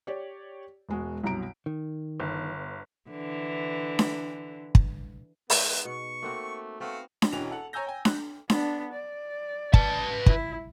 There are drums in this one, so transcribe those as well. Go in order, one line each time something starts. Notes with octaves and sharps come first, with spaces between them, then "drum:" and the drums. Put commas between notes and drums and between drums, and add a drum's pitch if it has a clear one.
G4 C#5 D5
E1 G#3 F#4
C2 F#2 B2 A#5 D7
D#3
G1
D3 E3
drum: snare D4
drum: kick
G#3 B3 D#4, drum: open hi-hat
B2 C#6
A3 A#3 C4 F#4
A3 B3 C4 F#4 F5
drum: snare D4
E1 E3 C#4 F#4 G5 F7
A4 F#5
C#5 G#5 A#5 E6 G6 A#6
G5 G#5
F#6, drum: snare D4
B3 D4, drum: snare D4
D5
B4 A5, drum: kick
E4, drum: kick